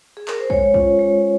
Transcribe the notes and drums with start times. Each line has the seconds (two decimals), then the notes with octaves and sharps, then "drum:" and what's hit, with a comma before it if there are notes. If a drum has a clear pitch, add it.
0.17 G#4
0.28 A#4, drum: clap
0.39 C5
0.50 G#3 C#5, drum: kick
0.74 C#4 F4, drum: kick
0.99 G#3